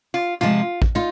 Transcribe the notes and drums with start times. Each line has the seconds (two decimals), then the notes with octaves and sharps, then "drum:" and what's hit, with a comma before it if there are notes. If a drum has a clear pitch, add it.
0.14 F4
0.41 C3 F3 G#3 F4
0.82 drum: kick
0.95 D#4 F4